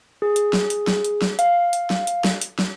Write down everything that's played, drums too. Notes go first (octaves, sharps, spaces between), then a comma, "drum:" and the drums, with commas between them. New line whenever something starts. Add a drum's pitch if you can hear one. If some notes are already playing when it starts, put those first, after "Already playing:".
G#4
drum: hi-hat
drum: snare
drum: hi-hat
drum: snare
drum: hi-hat
drum: snare
F5, drum: hi-hat
drum: hi-hat
drum: snare
drum: hi-hat
drum: snare
drum: hi-hat
drum: snare